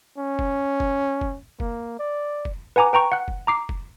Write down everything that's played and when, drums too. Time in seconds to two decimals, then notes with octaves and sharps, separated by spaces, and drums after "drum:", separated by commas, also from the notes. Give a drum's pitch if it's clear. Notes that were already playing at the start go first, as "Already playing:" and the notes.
0.18 C#4
0.39 drum: kick F1
0.80 drum: kick F1
1.21 drum: kick F1
1.60 A#3, drum: kick F1
1.99 D5
2.45 drum: kick F1
2.76 B4 F#5 G#5 A#5 D6
2.93 B4 G5 A#5 C#6
3.12 F#5 F#6
3.28 drum: kick F1
3.47 A#5 D6 C7
3.69 drum: kick F1